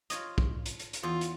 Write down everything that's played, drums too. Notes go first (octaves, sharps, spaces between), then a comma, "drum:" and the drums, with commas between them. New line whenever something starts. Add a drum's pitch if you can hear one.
F4 C#5 D#5, drum: hi-hat
drum: kick
drum: hi-hat
drum: hi-hat
drum: hi-hat
E2 F4
drum: hi-hat